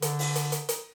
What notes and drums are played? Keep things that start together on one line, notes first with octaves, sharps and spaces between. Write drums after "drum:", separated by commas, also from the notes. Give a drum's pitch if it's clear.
D3, drum: hi-hat
drum: open hi-hat
drum: hi-hat
drum: hi-hat
drum: hi-hat